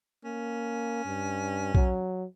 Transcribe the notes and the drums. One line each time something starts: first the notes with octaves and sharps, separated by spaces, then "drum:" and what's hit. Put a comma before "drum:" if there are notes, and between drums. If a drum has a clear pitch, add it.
A#3 C#4
G2
F#3, drum: kick